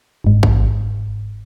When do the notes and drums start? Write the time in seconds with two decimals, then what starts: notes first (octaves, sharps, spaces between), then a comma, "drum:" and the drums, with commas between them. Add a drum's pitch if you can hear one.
0.24 G1 G#2
0.43 drum: kick A1